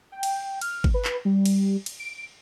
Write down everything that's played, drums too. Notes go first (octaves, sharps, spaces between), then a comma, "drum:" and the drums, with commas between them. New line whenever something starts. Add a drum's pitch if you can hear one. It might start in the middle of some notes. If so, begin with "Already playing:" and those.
G5
drum: cymbal
F6, drum: cymbal
drum: kick
B4
drum: clap
G3
drum: cymbal
drum: cymbal
D7